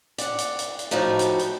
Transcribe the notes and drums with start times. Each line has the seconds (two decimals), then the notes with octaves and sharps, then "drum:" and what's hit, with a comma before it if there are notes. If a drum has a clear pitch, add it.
0.18 D5 F#5, drum: hi-hat
0.39 drum: hi-hat
0.59 drum: hi-hat
0.79 drum: hi-hat
0.91 A2 F3 G3 D#4 F#4
1.19 drum: hi-hat
1.39 drum: hi-hat